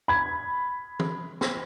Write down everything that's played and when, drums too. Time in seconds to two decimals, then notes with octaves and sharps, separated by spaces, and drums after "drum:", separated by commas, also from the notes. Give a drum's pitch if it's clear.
0.08 B5 G#6
1.00 drum: tom
1.41 drum: snare